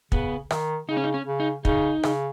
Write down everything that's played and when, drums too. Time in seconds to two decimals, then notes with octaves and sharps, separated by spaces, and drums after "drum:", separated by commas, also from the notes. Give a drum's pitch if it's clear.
0.12 C#3 B3, drum: kick
0.51 D#3, drum: rim click
0.89 C#3 D#4
0.97 C#4
1.03 D#4
1.14 C#4
1.27 C#3
1.40 D#4
1.65 C#3 D#4, drum: kick
2.03 C#3, drum: rim click